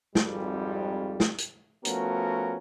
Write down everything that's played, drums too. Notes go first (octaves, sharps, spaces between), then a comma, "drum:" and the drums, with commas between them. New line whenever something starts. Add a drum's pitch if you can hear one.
G#1 F2 G3, drum: snare
drum: snare
drum: hi-hat
F3 A3 B3 C#4 F#4 A#4, drum: hi-hat